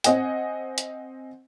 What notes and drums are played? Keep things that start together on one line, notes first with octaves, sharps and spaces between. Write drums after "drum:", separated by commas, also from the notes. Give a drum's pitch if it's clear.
C4 D#5 F#5 G#5, drum: hi-hat
drum: hi-hat